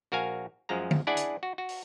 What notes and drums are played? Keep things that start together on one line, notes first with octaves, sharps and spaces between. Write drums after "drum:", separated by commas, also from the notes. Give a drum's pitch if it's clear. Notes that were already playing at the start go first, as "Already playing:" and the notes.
A#1 F#4 A#4 F5 G#5
F#2 F3 G#3 A#5
drum: tom D3
D4 E4 G#4 D5 F#5 G#5
drum: hi-hat
F#4
F#4
drum: open hi-hat